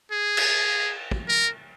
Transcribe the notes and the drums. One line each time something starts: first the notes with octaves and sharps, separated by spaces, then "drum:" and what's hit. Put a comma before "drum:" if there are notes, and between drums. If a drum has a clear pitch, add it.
G#4
drum: cymbal
drum: kick
A#4